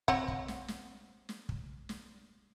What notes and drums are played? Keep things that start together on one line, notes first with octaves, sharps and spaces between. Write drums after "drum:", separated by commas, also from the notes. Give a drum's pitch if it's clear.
C4 C#5 F#5, drum: kick
drum: kick
drum: snare
drum: snare
drum: snare
drum: kick
drum: snare